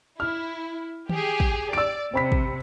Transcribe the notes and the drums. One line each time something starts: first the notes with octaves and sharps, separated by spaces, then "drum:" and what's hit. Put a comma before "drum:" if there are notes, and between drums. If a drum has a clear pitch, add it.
E4 F6
G4 G#4, drum: tom D#3
drum: kick
D5 E6 D7
C3 C4 B5 B6
drum: kick